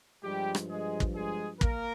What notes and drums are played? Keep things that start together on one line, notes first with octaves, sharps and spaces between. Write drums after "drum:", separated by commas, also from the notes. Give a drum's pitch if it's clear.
G2 F3 G3 G#3 G4
drum: rim click
G#3 G#4
drum: kick
G#3 G#4
A#3 A#4, drum: kick